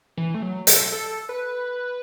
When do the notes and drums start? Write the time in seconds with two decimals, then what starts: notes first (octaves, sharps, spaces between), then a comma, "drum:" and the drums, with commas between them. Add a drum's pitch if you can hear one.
0.17 E3
0.34 A3
0.42 F#3
0.67 A4, drum: hi-hat
0.92 A4
1.29 B4